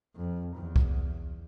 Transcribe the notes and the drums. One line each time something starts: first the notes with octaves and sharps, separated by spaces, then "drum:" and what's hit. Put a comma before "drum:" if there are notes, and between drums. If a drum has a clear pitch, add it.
F2
E2
drum: kick C2